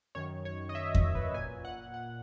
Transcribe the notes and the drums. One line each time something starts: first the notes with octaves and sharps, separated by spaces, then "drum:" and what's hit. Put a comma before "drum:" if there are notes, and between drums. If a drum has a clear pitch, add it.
F#2 D#3 C#5
C#5
D#5
E5
D#5, drum: kick E2
B4
A#2 G#5
F#5
F#5